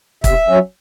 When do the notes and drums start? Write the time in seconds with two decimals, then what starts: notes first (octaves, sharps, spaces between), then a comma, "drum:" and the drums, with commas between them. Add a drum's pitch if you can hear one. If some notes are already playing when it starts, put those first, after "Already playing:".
0.24 C3 E5, drum: kick, hi-hat
0.48 F#3 C#4